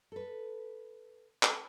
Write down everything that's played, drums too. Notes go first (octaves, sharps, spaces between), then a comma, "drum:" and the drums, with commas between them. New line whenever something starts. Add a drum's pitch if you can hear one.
A4 B4
drum: clap